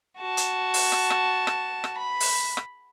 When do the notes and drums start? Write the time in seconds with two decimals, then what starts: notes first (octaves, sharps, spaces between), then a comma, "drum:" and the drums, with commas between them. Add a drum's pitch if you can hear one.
0.19 F#4 A5
0.37 drum: hi-hat
0.74 drum: open hi-hat
0.92 drum: rim click
1.10 drum: rim click
1.47 drum: rim click
1.84 drum: rim click
1.97 B5
2.20 drum: open hi-hat
2.57 drum: rim click